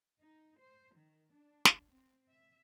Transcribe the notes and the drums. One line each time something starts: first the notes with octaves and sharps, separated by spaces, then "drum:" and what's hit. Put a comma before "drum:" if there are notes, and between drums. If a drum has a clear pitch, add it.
D#4
C5
D#3
D4
drum: snare
C4
E5